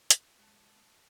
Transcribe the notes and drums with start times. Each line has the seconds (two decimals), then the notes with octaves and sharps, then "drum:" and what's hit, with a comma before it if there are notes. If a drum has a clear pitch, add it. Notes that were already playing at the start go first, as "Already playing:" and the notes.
0.10 drum: hi-hat
0.39 G#3 F#5 A5